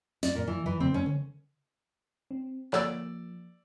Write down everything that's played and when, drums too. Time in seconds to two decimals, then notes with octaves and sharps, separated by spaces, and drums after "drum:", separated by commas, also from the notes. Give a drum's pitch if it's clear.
0.23 D5, drum: snare
0.35 A#2
0.47 E3
0.66 E3
0.80 C4, drum: tom C#3
0.94 C#4
1.06 drum: tom C#3
2.31 C4
2.73 F3 A#3 D5 E6, drum: clap